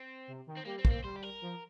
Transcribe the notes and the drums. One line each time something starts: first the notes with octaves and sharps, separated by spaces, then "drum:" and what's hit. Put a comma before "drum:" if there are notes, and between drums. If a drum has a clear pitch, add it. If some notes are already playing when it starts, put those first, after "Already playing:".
Already playing: C4
C3
D#3
C4
G3 A#3
C4
A#3, drum: kick
C4
G3 C5
G4
A#4
F3